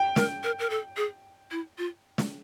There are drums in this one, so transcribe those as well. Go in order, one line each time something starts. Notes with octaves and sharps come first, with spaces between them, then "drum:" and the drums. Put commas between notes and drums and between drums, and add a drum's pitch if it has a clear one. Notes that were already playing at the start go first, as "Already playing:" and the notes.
Already playing: G5
A#4, drum: snare
A#4
A#4
A4
G#4
E4
F4
drum: snare